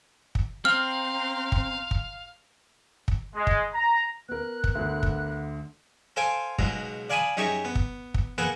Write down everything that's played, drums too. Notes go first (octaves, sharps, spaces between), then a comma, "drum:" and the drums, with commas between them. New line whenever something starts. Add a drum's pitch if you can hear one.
drum: kick
C4 F5 G5 A#5 C6 F6
drum: kick
drum: kick
drum: kick
G#3
drum: kick
A#5
B3 A#4 F#6
drum: kick
D2 D3
drum: kick
A4 C5 F5 G5 G#5
C#2 G#2 B2 F#3, drum: kick
D5 F5 G#5 A5 B5 D#6
F#2 D#4 G4 G#4 E5 C#6
B3
drum: kick
drum: kick
A#3 G#4 A4 B4 F#5